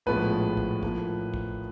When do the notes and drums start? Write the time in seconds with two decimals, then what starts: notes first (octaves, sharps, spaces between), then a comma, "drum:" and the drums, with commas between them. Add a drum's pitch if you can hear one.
0.06 A#1 A2 F3 G#3 B3 B4
0.57 drum: kick
0.83 A2 F3 A#3, drum: kick
1.34 drum: kick